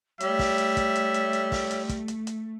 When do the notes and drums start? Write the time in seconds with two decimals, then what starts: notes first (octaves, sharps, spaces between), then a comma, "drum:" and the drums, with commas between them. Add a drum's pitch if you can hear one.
0.20 G3 A3 C#5 E5, drum: hi-hat
0.39 drum: kick, open hi-hat
0.58 drum: hi-hat
0.77 drum: kick, hi-hat
0.96 drum: hi-hat
1.14 drum: hi-hat
1.33 drum: hi-hat
1.52 drum: kick, open hi-hat
1.71 drum: hi-hat
1.89 drum: kick, hi-hat
2.08 drum: hi-hat
2.27 drum: hi-hat